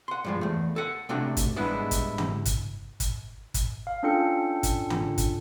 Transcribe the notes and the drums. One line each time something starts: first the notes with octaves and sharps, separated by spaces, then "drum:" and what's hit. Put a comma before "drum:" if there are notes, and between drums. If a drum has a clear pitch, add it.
F#5 C6
G2 F3 G#3
E2 A3
A4 F#5
C3 A3 D4 F#4 A#5
drum: kick, hi-hat
G#2 G3 G#3 B3 D4 E4
drum: kick, hi-hat
drum: tom
drum: kick, hi-hat
drum: kick, hi-hat
drum: kick, hi-hat
F5
C#4 D4 F4 A4 G5 C#7
drum: kick, hi-hat
drum: tom
drum: kick, hi-hat